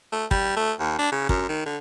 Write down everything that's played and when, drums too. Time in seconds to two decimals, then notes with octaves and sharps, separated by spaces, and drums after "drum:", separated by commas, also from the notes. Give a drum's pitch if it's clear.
0.12 A3
0.31 G3, drum: kick
0.57 A3
0.80 D#2
0.99 D4
1.12 C#3
1.29 F#2, drum: kick
1.49 D#3
1.66 D3